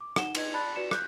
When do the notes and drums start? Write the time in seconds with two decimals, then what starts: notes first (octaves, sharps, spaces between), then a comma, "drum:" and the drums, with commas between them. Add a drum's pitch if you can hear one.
0.01 D6
0.16 D#4 F#5 E7 G7, drum: rim click
0.35 D#4 B4 D#5 G#6, drum: cymbal
0.54 D5 A5 B5 F#6 A6
0.76 F#4 B4 D5 C#7 E7
0.91 F#6 G6, drum: rim click